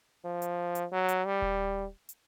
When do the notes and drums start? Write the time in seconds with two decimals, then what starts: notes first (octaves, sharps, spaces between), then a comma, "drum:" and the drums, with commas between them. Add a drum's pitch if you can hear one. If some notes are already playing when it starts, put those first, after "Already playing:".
0.25 F3
0.42 drum: hi-hat
0.75 drum: hi-hat
0.92 F#3
1.09 drum: hi-hat
1.25 G3
1.42 drum: kick D#1
2.09 drum: hi-hat